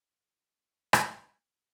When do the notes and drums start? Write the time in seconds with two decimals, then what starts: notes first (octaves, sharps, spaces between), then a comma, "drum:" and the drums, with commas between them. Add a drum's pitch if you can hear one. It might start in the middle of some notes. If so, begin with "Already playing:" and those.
0.13 G2 D3 F3 G3 A#3 G#4 A4
0.93 drum: rim click